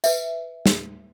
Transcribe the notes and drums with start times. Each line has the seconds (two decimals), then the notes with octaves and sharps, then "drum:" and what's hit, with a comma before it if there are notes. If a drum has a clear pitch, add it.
0.04 B4 E5, drum: tambourine
0.66 drum: snare